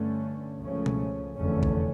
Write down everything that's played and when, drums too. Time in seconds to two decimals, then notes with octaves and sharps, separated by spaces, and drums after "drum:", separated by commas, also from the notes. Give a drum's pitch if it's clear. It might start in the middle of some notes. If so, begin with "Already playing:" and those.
Already playing: G2 D3 A3 C#4
0.60 C#2 C#3 F3 A3 C#4
0.86 drum: tom B2
1.37 F1 E2 D3 A3 C#4
1.63 drum: kick A#1